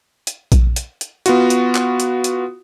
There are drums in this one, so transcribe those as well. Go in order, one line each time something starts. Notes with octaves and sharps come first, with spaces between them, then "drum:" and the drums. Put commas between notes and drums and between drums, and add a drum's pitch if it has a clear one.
drum: hi-hat
drum: kick A#1, hi-hat
drum: hi-hat
drum: hi-hat
B3 F4 F#4, drum: hi-hat
drum: hi-hat
drum: clap
drum: hi-hat
drum: hi-hat